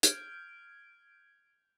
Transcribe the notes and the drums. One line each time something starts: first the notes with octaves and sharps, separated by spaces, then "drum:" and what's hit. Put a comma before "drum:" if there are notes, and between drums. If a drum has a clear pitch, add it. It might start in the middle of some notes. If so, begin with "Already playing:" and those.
F6 G6 G#6 D7, drum: hi-hat